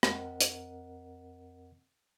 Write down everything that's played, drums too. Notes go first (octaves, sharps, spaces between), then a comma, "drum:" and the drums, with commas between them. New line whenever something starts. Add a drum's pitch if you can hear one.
F2 C4 A#4 D#5 F#5, drum: rim click
drum: hi-hat